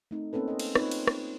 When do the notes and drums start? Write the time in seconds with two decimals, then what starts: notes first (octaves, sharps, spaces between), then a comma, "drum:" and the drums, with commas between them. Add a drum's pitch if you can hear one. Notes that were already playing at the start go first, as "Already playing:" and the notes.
0.11 A3 C4 D#4
0.33 A#3 C4 C#4 A4 B4
0.48 A4 D#5
0.59 drum: cymbal
0.75 C4 D#4 F4 B4 C#5, drum: rim click
0.91 drum: cymbal
1.07 drum: rim click